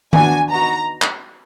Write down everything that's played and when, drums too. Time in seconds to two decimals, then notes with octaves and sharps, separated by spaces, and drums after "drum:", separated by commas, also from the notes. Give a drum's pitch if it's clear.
0.13 B3 D4 F#4 G#5, drum: tom D#3
0.50 B3 D#4 F#4 A#5
1.02 drum: clap